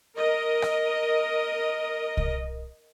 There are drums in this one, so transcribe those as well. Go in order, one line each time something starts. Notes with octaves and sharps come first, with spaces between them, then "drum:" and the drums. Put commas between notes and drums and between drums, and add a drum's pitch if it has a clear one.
A#4 D#5
drum: rim click
drum: kick C2